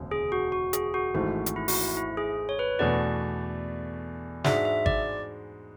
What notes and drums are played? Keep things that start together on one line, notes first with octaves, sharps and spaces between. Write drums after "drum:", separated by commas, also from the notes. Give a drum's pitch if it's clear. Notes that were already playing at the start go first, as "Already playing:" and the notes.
Already playing: E1 D2 C#3 G#3
G#4
F#4
F#4
G#4, drum: hi-hat
F#4
G#1 G#2 E3 A3 F#4
drum: hi-hat
E4
F#4, drum: open hi-hat
E4
E4
G#4
C#5
B4
E2 B2 A3 D4 F#4 D5
G#2 G#3 D4 F#4 E5, drum: snare
E5
D5, drum: kick G#1